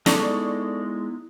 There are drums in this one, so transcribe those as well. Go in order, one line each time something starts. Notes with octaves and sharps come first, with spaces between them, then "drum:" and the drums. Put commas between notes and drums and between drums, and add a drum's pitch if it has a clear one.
G#3 B3 D#4 E4 A4 D5 C#6, drum: snare